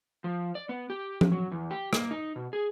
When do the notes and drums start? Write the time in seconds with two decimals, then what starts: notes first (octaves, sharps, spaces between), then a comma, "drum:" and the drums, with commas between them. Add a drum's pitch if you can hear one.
0.24 F3
0.55 D5
0.69 B3
0.90 G4
1.21 drum: tom F3
1.32 F#3
1.52 E2
1.71 G4
1.93 A#3, drum: rim click
2.11 D#4
2.36 B2
2.53 G#4